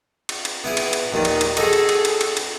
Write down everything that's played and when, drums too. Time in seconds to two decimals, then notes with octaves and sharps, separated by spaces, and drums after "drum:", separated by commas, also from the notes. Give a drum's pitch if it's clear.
0.29 drum: cymbal
0.45 drum: cymbal
0.64 B3 E4 G#4
0.77 drum: cymbal
0.93 drum: cymbal
1.13 D#2 A#2 D#3
1.25 drum: cymbal
1.41 drum: cymbal
1.57 F#4 G#4 A4 D#5, drum: cymbal
1.73 drum: cymbal
1.89 drum: cymbal
2.05 drum: cymbal
2.21 drum: cymbal
2.37 drum: cymbal